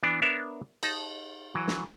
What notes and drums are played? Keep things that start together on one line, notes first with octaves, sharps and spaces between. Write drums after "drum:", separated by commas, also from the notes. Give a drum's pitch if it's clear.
E3 B3 D4
B3 D4 A#4 C#5 E5
D#4 A5, drum: cymbal
E3 F#3
drum: snare